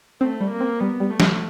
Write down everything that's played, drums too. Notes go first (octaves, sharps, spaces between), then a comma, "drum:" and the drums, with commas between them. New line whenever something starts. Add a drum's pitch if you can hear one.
A3 C4
G3
A#3
C4
G3 B3
G3
A3
G3, drum: snare